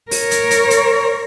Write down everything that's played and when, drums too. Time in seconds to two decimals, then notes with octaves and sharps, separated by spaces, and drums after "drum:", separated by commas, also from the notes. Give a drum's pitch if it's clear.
0.11 A#4 C#5, drum: open hi-hat
0.31 drum: hi-hat
0.51 drum: hi-hat
0.70 drum: hi-hat